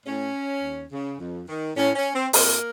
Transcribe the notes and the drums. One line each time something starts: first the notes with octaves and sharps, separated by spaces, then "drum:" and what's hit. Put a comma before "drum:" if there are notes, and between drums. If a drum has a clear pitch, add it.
A2 C#4
D#2
C#3
F2
D#3
A2 C#4
C#4
C4
F2 A#3, drum: open hi-hat